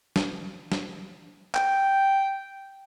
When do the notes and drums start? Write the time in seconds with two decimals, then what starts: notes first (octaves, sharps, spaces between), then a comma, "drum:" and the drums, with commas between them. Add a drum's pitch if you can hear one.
0.16 drum: snare
0.72 drum: snare
1.55 G5, drum: clap